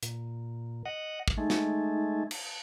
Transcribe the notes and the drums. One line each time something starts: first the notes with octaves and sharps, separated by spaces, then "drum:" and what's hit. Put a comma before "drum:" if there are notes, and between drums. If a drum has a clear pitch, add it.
A#2, drum: hi-hat
D#5 F#5
drum: kick
G#3 A3 D#4
drum: snare
drum: cymbal